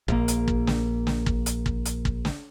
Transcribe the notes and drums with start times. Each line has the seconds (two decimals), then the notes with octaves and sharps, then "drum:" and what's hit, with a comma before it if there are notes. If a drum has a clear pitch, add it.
0.08 A#1 A#3, drum: kick
0.28 drum: hi-hat
0.48 drum: kick
0.67 drum: snare
1.07 drum: snare
1.26 drum: kick
1.46 drum: hi-hat
1.66 drum: kick
1.85 drum: hi-hat
2.05 drum: kick
2.25 drum: snare